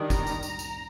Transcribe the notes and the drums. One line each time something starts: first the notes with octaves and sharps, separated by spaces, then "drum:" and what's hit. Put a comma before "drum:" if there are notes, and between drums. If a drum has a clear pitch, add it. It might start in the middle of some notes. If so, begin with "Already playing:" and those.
Already playing: D#3 G3 D4
A#5, drum: kick, tambourine
drum: tambourine
drum: tambourine
drum: tambourine